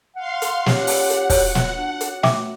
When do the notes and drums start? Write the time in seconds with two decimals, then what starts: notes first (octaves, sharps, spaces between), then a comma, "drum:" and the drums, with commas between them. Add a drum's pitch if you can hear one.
0.16 F5 F#5 C6
0.42 drum: hi-hat
0.66 C#4 F4 G4 F#5, drum: snare
0.87 drum: open hi-hat
1.10 drum: hi-hat
1.30 F#4 C#5, drum: kick, open hi-hat
1.55 drum: snare
1.75 D4
2.01 drum: hi-hat
2.23 A3 E5 G5 D6, drum: snare